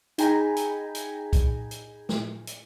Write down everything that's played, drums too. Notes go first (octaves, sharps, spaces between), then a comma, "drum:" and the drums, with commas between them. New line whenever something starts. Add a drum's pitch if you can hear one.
D#4 G#4 G5 G#5 A#5 B5, drum: hi-hat
drum: hi-hat
drum: hi-hat
drum: kick C2, hi-hat
drum: hi-hat
drum: snare
drum: hi-hat